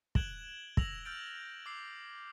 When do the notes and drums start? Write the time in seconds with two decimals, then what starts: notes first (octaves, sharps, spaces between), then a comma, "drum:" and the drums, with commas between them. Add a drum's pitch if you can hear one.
0.15 F#6 G#6 D7 E7 F#7 G7, drum: kick
0.77 E6 A#6 F7 F#7, drum: kick
1.05 E6 F6 G6 A6 D7
1.66 D6 E6 C7